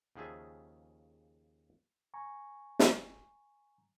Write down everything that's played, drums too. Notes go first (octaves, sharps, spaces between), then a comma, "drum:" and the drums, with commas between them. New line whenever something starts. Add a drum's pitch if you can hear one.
D#2 C#3 F3 G#4 E5 A5
G#5 A#5 C#6
drum: snare